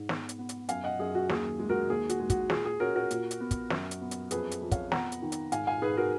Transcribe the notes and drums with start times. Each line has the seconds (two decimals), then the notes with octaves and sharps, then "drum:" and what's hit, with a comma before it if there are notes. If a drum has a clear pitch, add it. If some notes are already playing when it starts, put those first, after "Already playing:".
Already playing: G#2
0.09 B3, drum: snare
0.29 drum: hi-hat
0.39 B3
0.49 drum: hi-hat
0.69 F#2 F5 G#5, drum: hi-hat
0.84 D#5 F#5
0.99 F#2 G#4
1.15 F#4
1.29 D#2 G#4, drum: snare
1.59 G#3
1.69 F#4 A#4
1.90 D#2 G#4
2.09 F#4, drum: hi-hat
2.20 G#3
2.30 F#4, drum: kick, hi-hat
2.50 A#2 G#4, drum: snare
2.65 G#4
2.80 C#4 F#4 A#4
2.95 F#4 A#4
3.11 A#2, drum: hi-hat
3.31 drum: hi-hat
3.41 B3
3.51 drum: kick, hi-hat
3.70 F#2, drum: snare
3.91 drum: hi-hat
4.01 B3
4.11 drum: hi-hat
4.31 F2 G#4 B4, drum: hi-hat
4.51 drum: hi-hat
4.61 F2
4.71 C#5 F5, drum: kick, hi-hat
4.92 B3 F#5 A#5, drum: snare
5.12 drum: hi-hat
5.22 D#3
5.32 drum: hi-hat
5.52 G#2 F5 G#5, drum: hi-hat
5.67 F5 G#5
5.82 G#2 G#4 B4
5.97 F#4 A#4